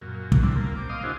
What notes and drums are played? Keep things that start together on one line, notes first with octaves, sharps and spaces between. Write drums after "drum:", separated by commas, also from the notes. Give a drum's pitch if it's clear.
F#2 A#2
drum: kick
G3 C4 D4 E4
A#2 A#3
C3 D6
D#5 F5 C6 D6 D#6
D4 E4 F#4 G#4 C5